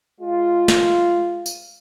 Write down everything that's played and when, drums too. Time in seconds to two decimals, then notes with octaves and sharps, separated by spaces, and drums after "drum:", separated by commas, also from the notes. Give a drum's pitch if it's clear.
0.21 G#3 F4
0.68 drum: snare
1.46 drum: tambourine